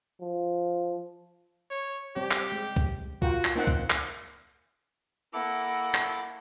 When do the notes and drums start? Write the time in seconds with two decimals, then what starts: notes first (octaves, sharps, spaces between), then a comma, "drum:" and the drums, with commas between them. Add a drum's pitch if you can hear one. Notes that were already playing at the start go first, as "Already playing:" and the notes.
0.21 F3
1.70 C#5
2.16 G3 C4 G4 C#5
2.31 drum: clap
2.52 G#3
2.76 drum: kick
3.22 F4 F#4 A#4 G5, drum: kick
3.45 drum: clap
3.56 A#3 C4 D#4 F#5
3.67 drum: kick
3.90 drum: clap
5.33 A#3 E4 A4 F#5 D6
5.94 drum: clap